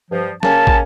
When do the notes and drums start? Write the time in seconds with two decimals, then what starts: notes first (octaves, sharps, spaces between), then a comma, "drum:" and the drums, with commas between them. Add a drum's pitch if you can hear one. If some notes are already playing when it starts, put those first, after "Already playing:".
0.10 G2 F3
0.43 C#3 A#3 C#4 A5, drum: snare
0.67 drum: kick